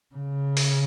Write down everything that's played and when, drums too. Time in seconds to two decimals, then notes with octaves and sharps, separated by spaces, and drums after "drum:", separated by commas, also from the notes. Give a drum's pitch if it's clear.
0.15 C#3
0.57 drum: open hi-hat